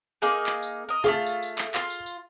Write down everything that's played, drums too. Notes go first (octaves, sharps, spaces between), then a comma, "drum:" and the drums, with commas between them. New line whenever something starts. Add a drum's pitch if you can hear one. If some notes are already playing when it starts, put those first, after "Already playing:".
A#3 D#4 G#4
drum: clap
drum: tambourine
A#4 D#5
A3 C#4 F4 G#4
drum: tambourine
drum: tambourine
drum: clap
F4 C6, drum: clap
drum: tambourine
drum: tambourine